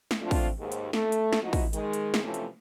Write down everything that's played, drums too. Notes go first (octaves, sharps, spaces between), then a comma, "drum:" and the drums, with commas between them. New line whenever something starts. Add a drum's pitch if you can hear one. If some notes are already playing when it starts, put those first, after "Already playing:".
drum: snare
F3 A3 C4 D4 F4
drum: kick, open hi-hat
D#2 G#2
drum: hi-hat
A3, drum: snare
drum: hi-hat
drum: snare
F3 D#4 E4 F#4 D#5
drum: kick, open hi-hat
D#3 G#3, drum: hi-hat
drum: hi-hat
drum: snare
C3 E3 F3 A3 C#4
drum: hi-hat